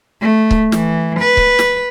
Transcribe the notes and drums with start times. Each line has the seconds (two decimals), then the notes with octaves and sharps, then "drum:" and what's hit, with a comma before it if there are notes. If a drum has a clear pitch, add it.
0.21 A3
0.51 drum: kick C#1
0.72 E3, drum: snare
1.19 B4
1.37 drum: kick C#1
1.59 drum: snare